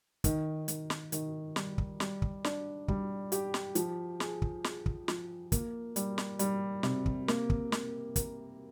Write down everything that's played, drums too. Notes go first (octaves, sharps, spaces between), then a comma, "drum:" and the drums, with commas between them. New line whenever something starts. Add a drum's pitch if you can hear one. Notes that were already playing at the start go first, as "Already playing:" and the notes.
D#3, drum: kick, hi-hat
D#3, drum: hi-hat
drum: snare
D#3, drum: hi-hat
G3, drum: snare
drum: kick
G3, drum: snare
drum: kick
D4, drum: snare
G3, drum: kick
G4, drum: hi-hat
drum: snare
F3, drum: hi-hat
G#4, drum: snare
drum: kick
G#4, drum: snare
drum: kick
F3, drum: snare
A#3, drum: kick, hi-hat
G3, drum: hi-hat
drum: snare
G3, drum: hi-hat
C3, drum: snare
drum: kick
A#3, drum: snare
drum: kick
A#3, drum: snare
A#4, drum: kick, hi-hat